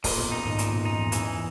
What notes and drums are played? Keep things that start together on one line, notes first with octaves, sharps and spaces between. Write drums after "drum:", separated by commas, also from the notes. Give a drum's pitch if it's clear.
A#2, drum: kick, open hi-hat
B1 B2
F#2 D#4
G#1 G#2
A#2, drum: hi-hat
B1 B2
F#2 D#4
E2
F#2 E3, drum: hi-hat
E2